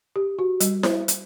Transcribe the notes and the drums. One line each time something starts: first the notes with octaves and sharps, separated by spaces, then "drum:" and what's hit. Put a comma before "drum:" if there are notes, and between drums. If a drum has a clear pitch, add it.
G4
F#4
G3, drum: hi-hat
C5, drum: snare E4
drum: hi-hat